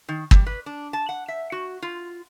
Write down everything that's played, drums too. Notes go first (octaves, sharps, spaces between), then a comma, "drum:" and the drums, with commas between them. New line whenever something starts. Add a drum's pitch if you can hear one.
D#3
G3, drum: kick
B4
D4
A5
F#5
E5
F#4
F4